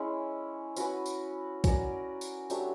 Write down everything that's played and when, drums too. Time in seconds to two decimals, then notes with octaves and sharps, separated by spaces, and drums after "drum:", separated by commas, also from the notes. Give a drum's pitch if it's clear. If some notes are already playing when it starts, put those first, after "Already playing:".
Already playing: G#3 C#4 E4
0.76 C#4 F#4 B4, drum: tambourine
1.06 drum: tambourine
1.64 C#4 F#4 A#4 D5, drum: kick, tambourine
2.21 drum: tambourine
2.50 F#3 A3 D4 G4, drum: tambourine